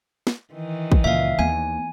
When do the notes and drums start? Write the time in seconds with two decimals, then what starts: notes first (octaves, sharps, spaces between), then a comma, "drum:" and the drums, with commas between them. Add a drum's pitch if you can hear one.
0.27 drum: snare
0.52 D#3 E3
0.92 drum: kick
1.04 C#2 A#2 E5 F5
1.39 D#2 B3 G#5